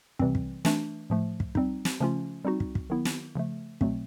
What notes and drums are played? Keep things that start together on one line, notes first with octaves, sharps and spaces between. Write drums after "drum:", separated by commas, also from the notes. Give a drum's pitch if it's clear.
C3 E3 G3 C4, drum: kick
drum: kick
E3 A3 D4, drum: snare
A2 F3 A3
drum: kick
G3 C4 D#4, drum: kick
drum: snare
C#3 F3 A3 C#4 F4
G3 C4 D#4 F#4
drum: kick
drum: kick
D#3 F#3 B3 E4
drum: snare
C#3 F3 A3
B2 F#3 A3 C4, drum: kick